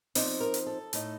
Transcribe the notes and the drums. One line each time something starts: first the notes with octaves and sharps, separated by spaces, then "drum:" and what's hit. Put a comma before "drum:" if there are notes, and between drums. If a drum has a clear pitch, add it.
F3 C4 D#4 D5, drum: open hi-hat
A#4
drum: hi-hat
A4
A2 A3 D#4, drum: hi-hat